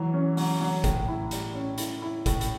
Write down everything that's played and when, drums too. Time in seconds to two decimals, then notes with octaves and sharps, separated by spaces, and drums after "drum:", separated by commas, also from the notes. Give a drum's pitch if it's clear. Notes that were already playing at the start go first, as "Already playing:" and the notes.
Already playing: E3 F#3
0.13 C#4
0.37 F#3, drum: open hi-hat
0.61 F#3
0.84 A2, drum: kick F#1, hi-hat
1.08 E4
1.31 G3, drum: hi-hat
1.54 C#4
1.78 E4, drum: hi-hat
2.02 E4
2.26 A2, drum: kick F#1, hi-hat
2.41 drum: hi-hat